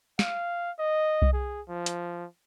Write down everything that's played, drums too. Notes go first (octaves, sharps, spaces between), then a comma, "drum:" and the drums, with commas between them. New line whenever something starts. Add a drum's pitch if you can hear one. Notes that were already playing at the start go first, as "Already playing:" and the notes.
F5, drum: snare
D#5
drum: kick C2
G#4
F3
drum: hi-hat